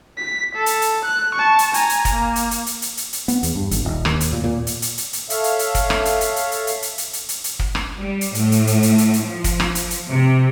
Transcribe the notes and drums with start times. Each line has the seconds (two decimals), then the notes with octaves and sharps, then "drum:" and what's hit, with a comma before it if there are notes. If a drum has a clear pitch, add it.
0.18 B6
0.56 A4
0.66 drum: hi-hat
0.82 drum: hi-hat
1.05 F#6
1.35 A5 C#6
1.59 drum: hi-hat
1.74 G#5 A#5, drum: hi-hat
1.89 drum: hi-hat
2.05 drum: kick, hi-hat
2.14 A#3
2.36 drum: hi-hat
2.51 drum: hi-hat
2.66 drum: hi-hat
2.82 drum: hi-hat
2.97 drum: hi-hat
3.13 drum: hi-hat
3.28 B3, drum: hi-hat
3.43 E2, drum: hi-hat
3.55 G2
3.71 G#1, drum: hi-hat
3.85 D#1
4.05 D#2, drum: rim click
4.20 drum: hi-hat
4.32 A#2
4.44 A#2
4.67 drum: hi-hat
4.82 drum: hi-hat
4.98 drum: hi-hat
5.13 drum: hi-hat
5.30 A4 C#5 E5 F5, drum: hi-hat
5.44 drum: hi-hat
5.59 drum: hi-hat
5.75 drum: kick, hi-hat
5.90 drum: rim click
6.05 drum: hi-hat
6.21 drum: hi-hat
6.36 drum: hi-hat
6.52 drum: hi-hat
6.67 drum: hi-hat
6.82 drum: hi-hat
6.98 drum: hi-hat
7.13 drum: hi-hat
7.29 drum: hi-hat
7.44 drum: hi-hat
7.59 drum: kick
7.75 drum: rim click
7.97 G3
8.21 drum: hi-hat
8.35 A2, drum: hi-hat
8.52 drum: hi-hat
8.67 drum: hi-hat
8.83 drum: hi-hat
8.98 drum: hi-hat
9.13 drum: hi-hat
9.23 F3
9.44 drum: kick, hi-hat
9.60 drum: rim click
9.75 drum: hi-hat
9.90 drum: hi-hat
10.10 C3